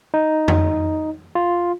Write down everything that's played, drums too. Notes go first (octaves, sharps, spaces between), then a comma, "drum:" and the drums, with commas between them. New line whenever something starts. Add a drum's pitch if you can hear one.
D#4
drum: tom F2
F4